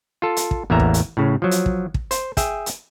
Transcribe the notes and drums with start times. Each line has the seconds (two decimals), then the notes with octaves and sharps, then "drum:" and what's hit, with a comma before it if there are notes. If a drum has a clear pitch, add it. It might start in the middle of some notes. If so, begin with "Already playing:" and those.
0.22 F4 A4
0.37 drum: hi-hat
0.51 drum: kick
0.70 A1 E2 A#3 B3 E5 A#5
0.80 drum: kick
0.94 drum: hi-hat
1.17 A2 C#3
1.42 F3 F#3
1.51 drum: hi-hat
1.66 drum: kick
1.94 drum: kick
2.11 C5, drum: hi-hat
2.37 G#4 E5 G5, drum: kick, hi-hat
2.66 drum: hi-hat